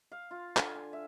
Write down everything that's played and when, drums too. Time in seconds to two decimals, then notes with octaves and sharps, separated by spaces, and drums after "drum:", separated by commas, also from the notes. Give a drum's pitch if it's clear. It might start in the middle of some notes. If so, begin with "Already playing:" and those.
0.12 F5
0.31 F4
0.57 D3, drum: clap
0.75 G#5
0.93 E5